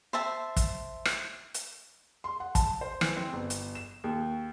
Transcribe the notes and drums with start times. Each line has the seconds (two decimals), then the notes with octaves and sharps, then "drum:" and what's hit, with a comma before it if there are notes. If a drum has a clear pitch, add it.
0.13 C5 E5 A5
0.56 drum: kick, hi-hat
1.05 drum: rim click
1.54 drum: hi-hat
2.24 C6
2.40 F#5
2.55 A5, drum: kick, hi-hat
2.81 C5
3.01 E3, drum: rim click
3.17 C4
3.33 G1
3.50 drum: hi-hat
3.75 E7
4.04 D#2